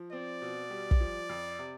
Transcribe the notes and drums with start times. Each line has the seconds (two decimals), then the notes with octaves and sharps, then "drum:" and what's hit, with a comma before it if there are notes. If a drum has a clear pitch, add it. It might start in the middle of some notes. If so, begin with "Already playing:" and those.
Already playing: F3
0.12 C4 D5
0.41 B2
0.71 G3
0.91 drum: kick
1.00 F3
1.30 F2
1.59 C3